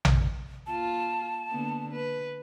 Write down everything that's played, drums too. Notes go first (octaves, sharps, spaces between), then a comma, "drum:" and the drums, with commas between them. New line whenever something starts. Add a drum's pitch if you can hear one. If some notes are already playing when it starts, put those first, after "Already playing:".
drum: tom A#1
A#3 F4 A5
D3 A#3 B3
B4